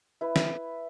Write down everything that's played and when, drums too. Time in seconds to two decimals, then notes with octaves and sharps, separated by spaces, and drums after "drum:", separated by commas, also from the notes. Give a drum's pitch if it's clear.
0.21 E4 B4
0.36 drum: snare